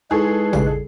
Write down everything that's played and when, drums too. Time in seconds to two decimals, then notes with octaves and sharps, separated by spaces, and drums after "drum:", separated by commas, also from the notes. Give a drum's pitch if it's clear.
0.11 G#3 D#4 E4 G#4 A4 B4 C#6
0.53 C#3 G3, drum: tom A1